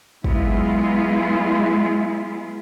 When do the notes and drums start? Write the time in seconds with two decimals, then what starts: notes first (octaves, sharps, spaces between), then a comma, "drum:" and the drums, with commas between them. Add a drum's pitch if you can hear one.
0.24 F#3 G#3 B3 E4 F4 G#4, drum: kick